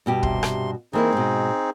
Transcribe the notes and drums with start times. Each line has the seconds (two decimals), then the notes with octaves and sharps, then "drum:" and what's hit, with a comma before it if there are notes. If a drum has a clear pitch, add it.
0.06 G2 B2 G4
0.23 C3 C6, drum: kick
0.43 drum: rim click
0.93 E3 A#3 C4 D#4 E4 G#4
1.12 G#2 B2